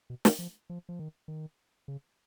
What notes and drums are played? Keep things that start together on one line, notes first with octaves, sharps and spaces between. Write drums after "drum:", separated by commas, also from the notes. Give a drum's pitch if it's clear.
B2
D#3, drum: snare
F3
F3
F3
D#3
D#3
C#3